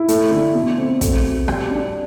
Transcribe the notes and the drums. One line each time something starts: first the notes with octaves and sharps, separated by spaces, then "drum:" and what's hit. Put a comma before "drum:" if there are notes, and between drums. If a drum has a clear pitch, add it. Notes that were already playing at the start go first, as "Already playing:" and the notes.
Already playing: E4
A3, drum: hi-hat
D3
B2
C4
A3, drum: kick, hi-hat
F#4
G3, drum: rim click
D4